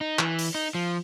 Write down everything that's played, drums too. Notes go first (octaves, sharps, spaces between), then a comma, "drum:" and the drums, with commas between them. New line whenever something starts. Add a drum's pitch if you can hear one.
D#4
E3, drum: clap
drum: open hi-hat
D#4
F3